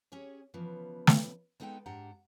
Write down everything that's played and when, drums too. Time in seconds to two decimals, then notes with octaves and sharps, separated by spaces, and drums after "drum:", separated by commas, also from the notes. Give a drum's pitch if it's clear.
0.12 C#4 G4 G#4 C#5
0.54 C#3 E3 F3 B3
1.07 drum: snare
1.60 G#3 B3 D#4 A4 F5 G5
1.86 G#2 D4 G4 F#5 A#5